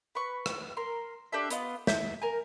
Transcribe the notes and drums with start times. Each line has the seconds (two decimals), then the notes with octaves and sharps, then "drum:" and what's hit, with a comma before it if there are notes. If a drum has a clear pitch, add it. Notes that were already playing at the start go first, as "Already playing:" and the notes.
0.15 B4 C#6
0.46 drum: rim click
0.77 A#4 C6
1.32 D4 G4 A4 E5
1.50 B3 F4 D#5, drum: hi-hat
1.87 E5 G6, drum: snare
2.22 A#4 G#5